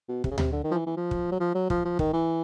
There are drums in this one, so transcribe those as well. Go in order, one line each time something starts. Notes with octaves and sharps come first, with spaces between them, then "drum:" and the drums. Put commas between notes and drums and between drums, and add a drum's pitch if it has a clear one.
B2
C3, drum: kick
C#3
C3, drum: tom D2
D3
D#3
F3
E3
E3
F3
drum: kick
F#3
F3
F#3
F3, drum: kick
F3
D#3, drum: kick
E3